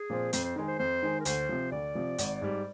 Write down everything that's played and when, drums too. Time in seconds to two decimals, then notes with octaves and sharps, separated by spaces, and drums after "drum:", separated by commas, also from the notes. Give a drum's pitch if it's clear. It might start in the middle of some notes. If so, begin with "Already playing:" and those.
Already playing: G#4
0.10 A#2 F3 C4
0.33 F2 C5, drum: hi-hat
0.45 C5
0.56 D#3 G#3
0.68 C5
0.79 F2 C5
1.03 D#3 G#3
1.20 A#4
1.25 D2 C5, drum: hi-hat
1.49 C3 F3
1.72 D2 D5
1.95 C3 F3
2.18 G#1, drum: hi-hat
2.41 G#2 G3